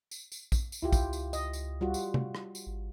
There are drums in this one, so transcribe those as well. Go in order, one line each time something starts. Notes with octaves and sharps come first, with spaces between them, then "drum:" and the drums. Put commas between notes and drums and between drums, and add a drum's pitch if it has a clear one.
drum: tambourine
drum: tambourine
drum: kick A#1, tambourine
drum: tambourine
C#2 E4 F4 G4
drum: kick A#1, tambourine
drum: tambourine
D#5, drum: tambourine
drum: tambourine
G3 F4 F#4
drum: tambourine
drum: tom C3
drum: rim click
drum: tambourine
G#1